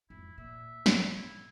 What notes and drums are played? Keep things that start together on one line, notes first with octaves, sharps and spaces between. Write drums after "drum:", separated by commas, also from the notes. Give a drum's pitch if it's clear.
F2 G#2 E4
A#2 E5
G#2 C#4, drum: snare
B2 E4